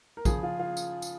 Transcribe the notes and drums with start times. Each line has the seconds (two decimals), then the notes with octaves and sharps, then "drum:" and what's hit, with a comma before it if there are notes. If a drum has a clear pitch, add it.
0.17 A#4
0.25 C#3 F3 G#4, drum: kick, tambourine
0.43 F4
0.59 F4
0.77 drum: tambourine
1.02 drum: tambourine